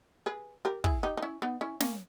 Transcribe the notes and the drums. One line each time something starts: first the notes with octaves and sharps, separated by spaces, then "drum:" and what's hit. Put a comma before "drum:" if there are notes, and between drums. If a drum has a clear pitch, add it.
G#4 B4
G4 A#4
E4 G#4, drum: kick
D#4 G4
D#4
C#4 E4
B3 D#4
C#4 E4
A#3 C#4, drum: snare